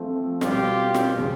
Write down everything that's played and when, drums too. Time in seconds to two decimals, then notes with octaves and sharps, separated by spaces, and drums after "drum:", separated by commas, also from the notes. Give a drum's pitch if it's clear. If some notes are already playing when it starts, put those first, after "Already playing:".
Already playing: F3 A3 C4
0.41 B2 G3 B3 F4 G4, drum: snare
0.94 drum: snare
1.17 C#3 F3